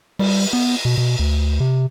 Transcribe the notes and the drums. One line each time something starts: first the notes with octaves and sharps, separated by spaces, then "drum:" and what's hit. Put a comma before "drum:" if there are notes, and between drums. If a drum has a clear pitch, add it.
G3, drum: cymbal
B3
B2
B2
D2
C3